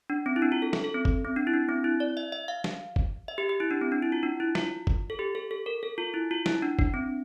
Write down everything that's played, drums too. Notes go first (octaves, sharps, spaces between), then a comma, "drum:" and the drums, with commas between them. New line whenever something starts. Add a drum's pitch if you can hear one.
D4
C4
E4
D4
F4
A4
A4, drum: snare
A4
C4
drum: kick
C4
D4
E4
D4
C4
E4
D5
E5
E5
F5
drum: snare
drum: kick
E5
G4
G4
E4
D4
C4
D4
E4
F4
D4
E4
F4, drum: snare
drum: kick
A4
G4
A4
A4
A#4
A4
F4
E4
F4
E4, drum: snare
D4
D4, drum: kick
C4